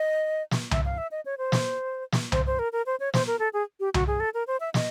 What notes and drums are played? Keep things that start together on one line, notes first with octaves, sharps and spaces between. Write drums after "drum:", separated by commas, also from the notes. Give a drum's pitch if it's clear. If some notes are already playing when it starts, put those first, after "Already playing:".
Already playing: D#5
drum: snare
E5, drum: tom C2
F5
E5
D#5
C#5
C5
drum: snare
drum: snare
C5, drum: tom C2
C5
A#4
A#4
C5
C#5
C5, drum: snare
A#4
A4
G#4
G4
F#4, drum: tom C2
G#4
A4
A#4
C5
E5
D#5, drum: snare